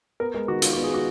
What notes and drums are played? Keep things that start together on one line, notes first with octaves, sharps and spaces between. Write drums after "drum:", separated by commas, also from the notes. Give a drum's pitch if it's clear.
B3 A#4
G#3 A#4
D#3 F#4
D#3 F4, drum: hi-hat
F#4
B3
G#4
G#3 F#4